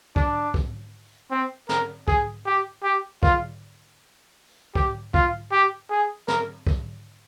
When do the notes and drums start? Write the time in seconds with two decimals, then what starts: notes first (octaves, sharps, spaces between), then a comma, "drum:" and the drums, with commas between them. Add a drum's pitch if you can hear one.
0.16 D4, drum: kick
0.54 drum: kick
1.31 C4
1.69 A#4, drum: snare
2.08 G#4, drum: kick
2.46 G4
2.83 G4
3.23 F4, drum: kick
4.75 G4, drum: kick
5.14 F4, drum: kick
5.51 G4
5.91 G#4
6.28 A#4, drum: snare
6.67 drum: kick